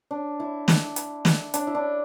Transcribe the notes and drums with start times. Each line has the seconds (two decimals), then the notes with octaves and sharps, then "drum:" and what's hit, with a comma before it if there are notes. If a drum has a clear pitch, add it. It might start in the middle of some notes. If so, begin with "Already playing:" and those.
0.11 D4
0.40 E4
0.68 drum: snare
0.96 drum: hi-hat
1.25 drum: snare
1.54 D4, drum: hi-hat
1.67 E4
1.75 D4